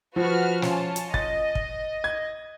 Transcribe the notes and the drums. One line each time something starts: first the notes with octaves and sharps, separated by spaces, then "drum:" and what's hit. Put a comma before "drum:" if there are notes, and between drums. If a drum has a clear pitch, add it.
F3 F#4 B4 F6
C#4 F4 A5, drum: snare
drum: hi-hat
D#5 A6, drum: kick
drum: kick
G#6